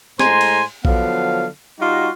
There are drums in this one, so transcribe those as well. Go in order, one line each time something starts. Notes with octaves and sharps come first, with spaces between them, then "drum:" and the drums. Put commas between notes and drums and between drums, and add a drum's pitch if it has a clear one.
A2 G#3 C5 G#5 A#5 C6, drum: snare
drum: cymbal
D3 F3 F#3 B3 F5, drum: kick A#1
G3 D#4 F4 F#4